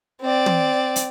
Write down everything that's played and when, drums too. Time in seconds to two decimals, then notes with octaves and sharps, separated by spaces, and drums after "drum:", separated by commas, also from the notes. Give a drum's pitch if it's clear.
0.21 C4 D5
0.46 drum: tom
0.96 drum: hi-hat